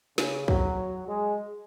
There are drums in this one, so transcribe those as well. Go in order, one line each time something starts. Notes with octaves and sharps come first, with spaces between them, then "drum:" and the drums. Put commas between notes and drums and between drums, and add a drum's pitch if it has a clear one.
C#3, drum: snare
F#3, drum: kick
G#3